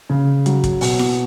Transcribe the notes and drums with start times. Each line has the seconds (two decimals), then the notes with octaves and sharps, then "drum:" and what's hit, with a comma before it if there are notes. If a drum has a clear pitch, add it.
0.10 C#3
0.46 F#3, drum: hi-hat
0.64 drum: kick, hi-hat
0.81 B2, drum: open hi-hat
0.99 drum: snare E4